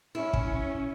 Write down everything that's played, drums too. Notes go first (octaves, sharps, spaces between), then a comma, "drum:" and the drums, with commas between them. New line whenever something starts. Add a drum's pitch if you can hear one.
C#4 E4
drum: kick